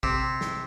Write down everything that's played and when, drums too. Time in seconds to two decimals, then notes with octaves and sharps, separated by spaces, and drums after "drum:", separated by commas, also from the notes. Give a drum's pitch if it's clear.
0.03 C3, drum: kick
0.41 drum: snare